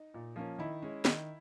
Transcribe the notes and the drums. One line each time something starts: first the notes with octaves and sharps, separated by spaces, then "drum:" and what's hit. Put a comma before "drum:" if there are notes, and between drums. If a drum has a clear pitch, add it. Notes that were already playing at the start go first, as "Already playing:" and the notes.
Already playing: D#4
A#2
F3 A#3 C#4
D#3 E4
G#3 C#4
D#3, drum: snare